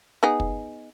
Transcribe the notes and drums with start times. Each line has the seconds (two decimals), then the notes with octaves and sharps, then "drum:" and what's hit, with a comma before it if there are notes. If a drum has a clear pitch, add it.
0.23 B3 D#4 G#4
0.40 drum: kick